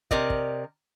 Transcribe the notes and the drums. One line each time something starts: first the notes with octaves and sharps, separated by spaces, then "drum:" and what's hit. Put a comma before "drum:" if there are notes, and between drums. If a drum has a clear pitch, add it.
C3 A#4 D5 D#5, drum: kick
drum: kick